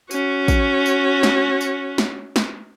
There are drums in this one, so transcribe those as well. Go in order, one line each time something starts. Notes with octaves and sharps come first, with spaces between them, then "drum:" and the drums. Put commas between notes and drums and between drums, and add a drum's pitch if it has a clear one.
C#4 F#4, drum: tambourine
drum: kick, tambourine
drum: tambourine
drum: snare
drum: tambourine
drum: snare
drum: snare